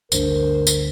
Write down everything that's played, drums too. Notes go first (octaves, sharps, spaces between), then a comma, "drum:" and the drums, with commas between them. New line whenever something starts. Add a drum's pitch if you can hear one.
G1 D2 D3 A#4 C5, drum: tambourine
drum: tambourine